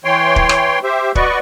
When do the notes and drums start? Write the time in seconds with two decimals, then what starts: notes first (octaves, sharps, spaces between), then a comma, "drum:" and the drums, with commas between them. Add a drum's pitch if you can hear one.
0.05 E3 C#5 G5 C6
0.36 drum: kick
0.49 drum: rim click
0.84 G4 C5 E5
1.15 F#4 B4 D5 D#5 C#6, drum: kick